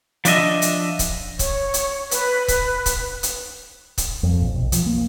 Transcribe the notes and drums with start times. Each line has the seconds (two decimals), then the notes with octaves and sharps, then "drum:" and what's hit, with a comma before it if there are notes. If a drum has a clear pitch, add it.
0.25 F3 D4 D#5 E5, drum: hi-hat
0.62 drum: hi-hat
0.99 drum: kick C#1, hi-hat
1.39 C#5, drum: kick C#1, hi-hat
1.74 drum: hi-hat
2.11 B4, drum: hi-hat
2.48 drum: kick C#1, hi-hat
2.86 drum: kick C#1, hi-hat
3.23 drum: hi-hat
3.98 drum: kick C#1, hi-hat
4.23 F2
4.41 A#1
4.54 B1
4.72 F3, drum: hi-hat
4.86 A#3